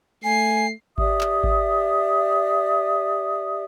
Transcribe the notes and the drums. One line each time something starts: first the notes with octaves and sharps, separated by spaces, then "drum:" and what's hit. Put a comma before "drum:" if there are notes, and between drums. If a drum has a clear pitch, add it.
A3 G#5 C7
G4 D5 E5 D#6, drum: kick G#1
drum: clap
drum: kick G#1